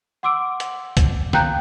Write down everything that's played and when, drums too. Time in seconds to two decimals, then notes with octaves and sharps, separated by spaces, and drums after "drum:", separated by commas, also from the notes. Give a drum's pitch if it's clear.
0.23 F#5 C6 D6 E6 D7
0.60 drum: hi-hat
0.97 drum: kick C2, hi-hat
1.33 F5 G5 A#5 F#6 G6, drum: snare